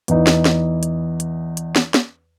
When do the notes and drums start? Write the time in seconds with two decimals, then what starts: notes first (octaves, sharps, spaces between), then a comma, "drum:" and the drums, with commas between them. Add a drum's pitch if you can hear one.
0.08 E2 E3 D#4, drum: hi-hat
0.27 drum: snare
0.45 drum: snare
0.83 drum: hi-hat
1.20 drum: hi-hat
1.57 drum: hi-hat
1.76 drum: snare
1.94 drum: snare